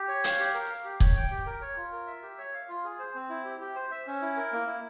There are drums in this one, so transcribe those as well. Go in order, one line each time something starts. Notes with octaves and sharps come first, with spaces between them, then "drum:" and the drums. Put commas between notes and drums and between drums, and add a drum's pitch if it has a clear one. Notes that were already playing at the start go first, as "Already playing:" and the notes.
Already playing: G4
C#5
F5, drum: hi-hat
G4
A#4
F5
G4
C#5, drum: kick
G5
G4
A#4
C#5
F4
A#4
E5
G4
C#5
F5
F4
G#4
C5
C4
E4
G4
G4
C5
E5
C#4
E4
A#4
A#3
E4